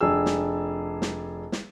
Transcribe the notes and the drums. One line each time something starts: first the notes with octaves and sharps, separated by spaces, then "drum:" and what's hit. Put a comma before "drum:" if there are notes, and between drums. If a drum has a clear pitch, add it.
F1 D4 G#4 E6
drum: snare
drum: snare
drum: snare